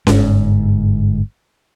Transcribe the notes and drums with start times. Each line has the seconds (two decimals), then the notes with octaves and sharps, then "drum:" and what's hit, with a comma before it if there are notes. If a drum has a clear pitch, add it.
0.07 G1 G#2, drum: snare C#4